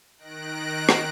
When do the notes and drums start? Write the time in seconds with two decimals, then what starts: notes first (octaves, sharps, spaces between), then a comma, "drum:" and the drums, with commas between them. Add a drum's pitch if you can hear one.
0.18 D#3 F#6 A#6 D7
0.89 drum: rim click